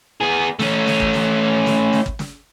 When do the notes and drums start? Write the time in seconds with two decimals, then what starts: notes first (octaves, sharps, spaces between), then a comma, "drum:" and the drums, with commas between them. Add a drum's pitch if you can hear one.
0.21 B3 G#4
0.59 A3 C#4, drum: snare
0.87 drum: snare
1.00 drum: kick
1.13 drum: snare
1.66 drum: snare
1.93 drum: snare
2.06 drum: kick
2.19 drum: snare